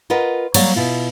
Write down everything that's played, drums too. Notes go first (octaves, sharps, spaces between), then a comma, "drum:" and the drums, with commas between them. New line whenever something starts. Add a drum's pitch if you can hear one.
F4 A#4 B4 D#5 F#5
F#3 G3 A#3 C#5 D5 F#5, drum: cymbal
B2 E4 F4